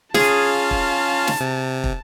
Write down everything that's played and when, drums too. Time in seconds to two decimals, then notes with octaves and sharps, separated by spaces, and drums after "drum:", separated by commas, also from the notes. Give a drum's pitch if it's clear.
0.14 C#4 F4 G#4 F5 A5, drum: snare
0.71 drum: kick
1.27 drum: snare
1.40 C3
1.84 drum: kick